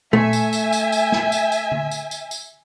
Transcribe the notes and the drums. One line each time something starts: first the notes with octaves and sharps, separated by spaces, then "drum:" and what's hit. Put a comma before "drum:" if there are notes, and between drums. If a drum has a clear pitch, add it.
A3 E5 G#5, drum: tom
drum: tambourine
drum: tambourine
drum: tambourine
drum: tambourine
drum: snare
drum: tambourine
drum: tambourine
drum: tom D3
drum: tambourine
drum: tambourine
drum: tambourine